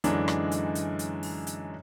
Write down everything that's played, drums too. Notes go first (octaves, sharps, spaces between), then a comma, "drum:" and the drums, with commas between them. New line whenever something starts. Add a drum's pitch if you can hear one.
F#2 D3 E3 G#3 D4 D#4, drum: hi-hat
drum: rim click
drum: hi-hat
drum: hi-hat
drum: hi-hat
drum: open hi-hat
drum: hi-hat